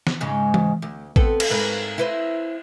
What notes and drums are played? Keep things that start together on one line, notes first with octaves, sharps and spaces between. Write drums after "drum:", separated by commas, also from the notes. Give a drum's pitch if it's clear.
drum: snare
G#2 C#3 G#3
drum: tom E3
D2
B3 C4 A4, drum: kick
drum: cymbal
G#2 A#4 B4
E4 B4 C5